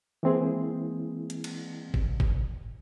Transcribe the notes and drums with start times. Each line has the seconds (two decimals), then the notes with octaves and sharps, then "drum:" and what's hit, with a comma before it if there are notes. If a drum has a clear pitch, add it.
0.23 E3 G#3 A#3 C4 E4 G#4
1.30 drum: hi-hat
1.44 drum: cymbal
1.94 drum: kick G1
2.20 drum: kick G1